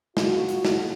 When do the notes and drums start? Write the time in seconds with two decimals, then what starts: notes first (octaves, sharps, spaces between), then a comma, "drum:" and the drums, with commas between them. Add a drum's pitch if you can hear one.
0.17 F4 F#4, drum: snare
0.49 drum: hi-hat
0.65 drum: snare